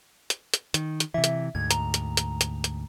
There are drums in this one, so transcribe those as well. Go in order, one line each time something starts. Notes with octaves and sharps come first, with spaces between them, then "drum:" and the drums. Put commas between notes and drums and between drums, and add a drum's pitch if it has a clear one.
drum: hi-hat
drum: hi-hat
D#3, drum: hi-hat
drum: hi-hat
C3 E3 E5
drum: hi-hat
D2 G#2 G#6
A#5, drum: hi-hat
drum: hi-hat
drum: hi-hat
drum: hi-hat
drum: hi-hat